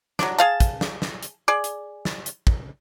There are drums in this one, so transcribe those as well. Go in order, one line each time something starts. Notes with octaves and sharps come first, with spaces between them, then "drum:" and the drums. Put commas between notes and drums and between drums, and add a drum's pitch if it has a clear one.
F#3 D4, drum: snare
G#4 F5 A5
drum: kick, hi-hat
drum: snare
drum: snare
drum: hi-hat
G#4 D5
drum: hi-hat
drum: snare
drum: hi-hat
drum: kick